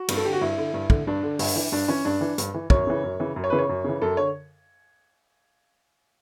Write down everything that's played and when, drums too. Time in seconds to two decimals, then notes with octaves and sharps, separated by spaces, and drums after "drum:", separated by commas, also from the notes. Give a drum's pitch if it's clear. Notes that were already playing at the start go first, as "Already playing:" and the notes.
Already playing: F#4
0.09 G2, drum: cymbal
0.17 A4
0.25 D3 G4
0.33 F#4
0.41 G2 E4
0.58 D3
0.74 G2
0.90 D3, drum: kick
1.07 G2 D4
1.23 D3
1.39 G2, drum: open hi-hat
1.56 E3
1.72 G2 D4
1.88 E3 C#4
2.05 G2 D4
2.21 E3
2.38 G2, drum: hi-hat
2.54 E3
2.70 F#2 C#5, drum: kick
2.87 C#3 E3
3.03 F#2
3.20 C#3 E3
3.36 F#2
3.44 C#5
3.50 C#3 E3 B4
3.58 C#5
3.69 F#2
3.84 C#3 E3
4.02 F#2 A4
4.17 D3 C#5